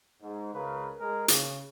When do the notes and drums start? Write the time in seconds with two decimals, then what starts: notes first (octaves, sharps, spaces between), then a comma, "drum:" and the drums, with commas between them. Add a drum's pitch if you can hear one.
0.22 G#2
0.54 C#2 C#3 A#4 B4
0.99 G#3 G#4 A#4
1.28 C#3, drum: hi-hat